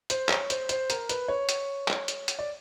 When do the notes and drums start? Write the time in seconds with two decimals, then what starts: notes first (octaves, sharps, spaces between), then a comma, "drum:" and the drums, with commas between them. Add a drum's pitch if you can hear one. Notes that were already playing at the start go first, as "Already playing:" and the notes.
0.10 C5, drum: hi-hat
0.29 C#5, drum: clap
0.50 C5, drum: hi-hat
0.69 C5, drum: hi-hat
0.90 A#4, drum: hi-hat
1.09 B4, drum: hi-hat
1.28 C#5
1.49 drum: hi-hat
1.88 drum: clap
2.08 drum: hi-hat
2.28 drum: hi-hat
2.39 D5